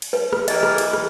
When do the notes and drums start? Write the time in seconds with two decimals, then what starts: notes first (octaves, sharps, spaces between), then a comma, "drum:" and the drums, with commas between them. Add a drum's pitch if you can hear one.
0.02 drum: cymbal
0.13 B4
0.33 drum: rim click
0.48 E3 G4 A#4 D#5, drum: cymbal
0.63 drum: rim click
0.78 drum: cymbal
0.93 drum: rim click